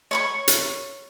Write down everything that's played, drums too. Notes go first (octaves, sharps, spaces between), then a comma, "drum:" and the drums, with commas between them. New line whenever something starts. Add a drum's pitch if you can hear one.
C#5 B5 C#6
drum: hi-hat